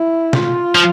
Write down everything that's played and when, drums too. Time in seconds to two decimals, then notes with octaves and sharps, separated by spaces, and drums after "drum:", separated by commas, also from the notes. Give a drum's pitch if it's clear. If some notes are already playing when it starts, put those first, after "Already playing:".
Already playing: E4
0.33 F4, drum: snare
0.75 F3